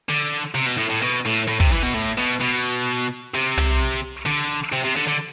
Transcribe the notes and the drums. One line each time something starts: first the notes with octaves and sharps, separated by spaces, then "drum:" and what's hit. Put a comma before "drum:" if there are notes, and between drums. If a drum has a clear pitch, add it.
D3
C3
B2
A2
A2
B2
A2
A2
C3, drum: kick
E3
B2
A2
B2
B2
C3
drum: tom
D3
C3
C3
D3
D3